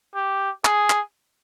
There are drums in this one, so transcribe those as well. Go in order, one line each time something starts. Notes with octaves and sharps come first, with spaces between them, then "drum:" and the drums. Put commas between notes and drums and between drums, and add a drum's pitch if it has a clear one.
G4
G#4, drum: clap
drum: clap